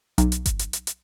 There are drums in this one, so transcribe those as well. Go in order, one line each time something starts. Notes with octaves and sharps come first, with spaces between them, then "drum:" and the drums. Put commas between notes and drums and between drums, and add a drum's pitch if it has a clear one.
B1, drum: hi-hat
drum: hi-hat
drum: kick G1, hi-hat
drum: hi-hat
drum: hi-hat
drum: hi-hat